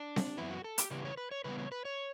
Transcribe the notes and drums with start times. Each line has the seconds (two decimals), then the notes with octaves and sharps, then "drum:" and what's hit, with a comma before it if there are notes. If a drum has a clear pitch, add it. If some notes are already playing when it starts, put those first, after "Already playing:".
Already playing: D4
0.16 drum: snare C4
0.37 F#2 E3 B3 E4
0.51 F#4
0.64 A4
0.78 G4, drum: hi-hat
0.91 C#3 E3 G3 B3 G4
1.05 C#5
1.17 B4
1.31 C#5
1.44 C#3 E3 G3 B3 B4
1.59 C#5
1.72 B4
1.85 C#5